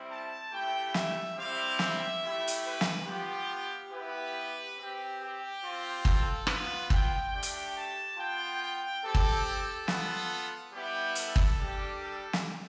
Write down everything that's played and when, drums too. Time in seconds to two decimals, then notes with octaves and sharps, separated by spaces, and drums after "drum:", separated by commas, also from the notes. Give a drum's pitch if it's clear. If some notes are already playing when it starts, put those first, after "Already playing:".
Already playing: G3 C4 E4
0.09 A5
0.51 A3 E4 G4 G5
0.94 E5, drum: snare
1.36 G3 C4 E4 G4 F5
1.79 E5, drum: snare
2.21 A3 E4 G4
2.48 drum: hi-hat
2.64 B4
2.81 drum: snare
3.07 B3 F4 G4
3.92 B3 E4 G4 B4
4.77 C4 G4
5.20 G4
5.63 C4 F4
6.05 A4, drum: kick
6.47 B3 F4 B4, drum: rim click
6.90 G5, drum: kick
7.32 A3 D4 G4 G5
7.43 drum: hi-hat
7.75 A5
8.17 B3 F4 G5
8.60 G5
9.03 C4 G4 A4
9.15 drum: kick
9.45 A4
9.88 B3 F4, drum: snare
10.73 G3 B3 E4 G4
11.16 A4, drum: hi-hat
11.36 drum: kick
11.58 G3 D4 G4
12.00 A4
12.33 drum: snare